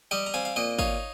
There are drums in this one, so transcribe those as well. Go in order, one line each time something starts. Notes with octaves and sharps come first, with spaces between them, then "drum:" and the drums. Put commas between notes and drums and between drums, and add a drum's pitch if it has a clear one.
G3 D#5 G5
A#5
C4 F5 G#5
F5
A#2 D#5 G5
D#4 C#5 F5, drum: kick